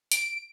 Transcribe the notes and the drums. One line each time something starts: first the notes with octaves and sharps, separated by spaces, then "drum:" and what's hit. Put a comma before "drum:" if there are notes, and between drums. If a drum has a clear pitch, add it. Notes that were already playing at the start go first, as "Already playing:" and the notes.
D7, drum: hi-hat